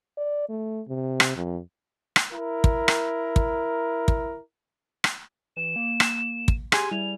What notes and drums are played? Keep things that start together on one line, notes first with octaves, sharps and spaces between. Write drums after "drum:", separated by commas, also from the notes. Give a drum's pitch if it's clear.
D5
A3
C3
drum: rim click
F2
drum: rim click
E4 A#4
drum: kick
drum: rim click
drum: kick
drum: kick
drum: rim click
E3 E7
A#3
drum: rim click
drum: kick
G4 G#4 G#5 C6, drum: rim click
G3 E4 F7